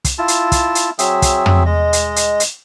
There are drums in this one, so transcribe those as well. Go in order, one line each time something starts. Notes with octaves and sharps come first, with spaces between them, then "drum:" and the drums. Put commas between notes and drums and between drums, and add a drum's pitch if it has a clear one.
drum: kick, hi-hat
E4 F4 A5
drum: hi-hat
drum: kick, hi-hat
drum: hi-hat
F#3 C4 G#4 E5, drum: hi-hat
drum: kick, hi-hat
drum: tom
G#3 D#5
drum: hi-hat
drum: hi-hat
drum: hi-hat